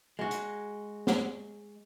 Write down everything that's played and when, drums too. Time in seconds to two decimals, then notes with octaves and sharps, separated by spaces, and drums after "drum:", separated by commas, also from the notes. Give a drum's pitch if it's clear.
0.19 G#3 F#4
0.31 drum: hi-hat
1.07 drum: snare